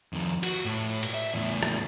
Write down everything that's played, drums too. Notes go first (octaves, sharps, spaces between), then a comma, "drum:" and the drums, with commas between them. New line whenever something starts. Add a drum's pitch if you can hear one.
F2 D#3
F#4, drum: cymbal
A2
drum: cymbal
E5
E2 A2
drum: rim click